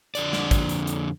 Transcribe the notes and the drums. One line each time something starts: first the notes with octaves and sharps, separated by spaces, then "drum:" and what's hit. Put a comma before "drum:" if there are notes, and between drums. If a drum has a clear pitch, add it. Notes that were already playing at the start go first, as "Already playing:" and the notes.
F2 D3 D5, drum: hi-hat
drum: snare
drum: kick, hi-hat
drum: hi-hat
drum: hi-hat